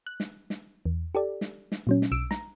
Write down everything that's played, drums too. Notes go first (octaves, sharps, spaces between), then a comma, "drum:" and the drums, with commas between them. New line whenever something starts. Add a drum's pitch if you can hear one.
F#6
drum: snare
drum: snare
E2
G4 A4 D5
drum: snare
drum: snare
A#2 F#3 C#4
drum: snare
B1 E6 D7
A#5, drum: snare